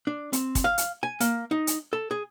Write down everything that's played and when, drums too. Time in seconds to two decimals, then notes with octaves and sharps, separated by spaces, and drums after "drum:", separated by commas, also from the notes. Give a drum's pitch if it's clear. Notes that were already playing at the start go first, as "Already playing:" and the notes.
0.07 D4
0.33 C4, drum: hi-hat
0.55 drum: kick, hi-hat
0.64 F5
0.78 drum: hi-hat
1.03 G#5
1.20 A#3, drum: hi-hat
1.51 D#4
1.67 drum: hi-hat
1.93 A4
2.11 G#4